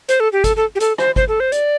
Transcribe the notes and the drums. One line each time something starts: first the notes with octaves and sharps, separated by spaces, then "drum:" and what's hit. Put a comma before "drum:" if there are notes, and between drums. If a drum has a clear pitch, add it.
C5, drum: hi-hat
A4
G4
A4, drum: kick G1, hi-hat
A4
G4
A4, drum: hi-hat
C5, drum: rim click
C5, drum: kick G1
A4
C5
D5, drum: hi-hat